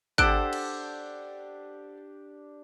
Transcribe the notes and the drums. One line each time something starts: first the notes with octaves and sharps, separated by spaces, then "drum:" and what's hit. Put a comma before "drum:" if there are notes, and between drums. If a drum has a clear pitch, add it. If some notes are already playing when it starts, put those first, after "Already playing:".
D4 G4 A4 C5 F#5 F#6 D7, drum: kick G#1
drum: cymbal